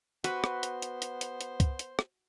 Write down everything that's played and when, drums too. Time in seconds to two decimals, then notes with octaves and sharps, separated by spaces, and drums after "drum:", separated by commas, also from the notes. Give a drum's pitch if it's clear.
0.24 B3 F#4 B4 C5, drum: hi-hat
0.44 drum: rim click
0.63 drum: hi-hat
0.82 drum: hi-hat
1.02 drum: hi-hat
1.21 drum: hi-hat
1.41 drum: hi-hat
1.60 drum: kick, hi-hat
1.79 drum: hi-hat
1.99 drum: rim click